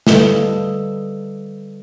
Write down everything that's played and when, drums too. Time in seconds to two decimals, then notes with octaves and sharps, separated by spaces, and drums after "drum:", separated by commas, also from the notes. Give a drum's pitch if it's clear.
0.07 D3 G3 A4 B4 D#5 F5, drum: snare